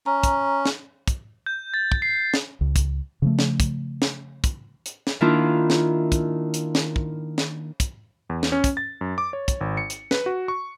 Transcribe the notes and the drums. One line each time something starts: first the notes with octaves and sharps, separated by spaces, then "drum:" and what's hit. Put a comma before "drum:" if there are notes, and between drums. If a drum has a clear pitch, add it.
C#4 A#5
drum: kick, hi-hat
drum: snare
drum: kick, hi-hat
G6
A6
drum: kick
C7
drum: snare
C#2
drum: kick, hi-hat
C#3 F3 A3
drum: snare
drum: kick, hi-hat
drum: snare
drum: kick, hi-hat
drum: hi-hat
drum: snare
D#3 A#3 D4 E4 F4
drum: snare
drum: kick, hi-hat
drum: hi-hat
drum: snare
drum: kick
drum: snare
drum: kick, hi-hat
E2
drum: snare
C#4
drum: kick, hi-hat
A6
F#2
D6
C#5
drum: kick, hi-hat
G#1
C#7
drum: hi-hat
B4, drum: snare
F#4
C#6